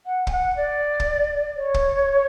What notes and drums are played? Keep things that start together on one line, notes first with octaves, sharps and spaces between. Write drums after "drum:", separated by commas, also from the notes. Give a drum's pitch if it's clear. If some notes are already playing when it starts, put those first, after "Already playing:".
F#5
G#5, drum: kick
F#5
D5
drum: kick
C#5
drum: kick